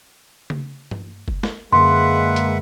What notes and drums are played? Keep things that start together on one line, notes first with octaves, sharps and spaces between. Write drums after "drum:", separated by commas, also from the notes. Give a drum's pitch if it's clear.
drum: tom C#3
drum: tom G2
drum: kick F#1
drum: snare
F#2 D3 G#3 A#3 B4 E5 F#5 C6
drum: hi-hat